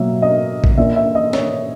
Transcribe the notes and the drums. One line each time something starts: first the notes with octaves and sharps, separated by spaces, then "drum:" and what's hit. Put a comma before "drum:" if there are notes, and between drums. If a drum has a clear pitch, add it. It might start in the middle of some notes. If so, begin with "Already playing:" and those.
Already playing: B2 F#3 A#3 E5
D#5
drum: kick A#1
A#2 A#3 E5
E5
D#5
C#5, drum: snare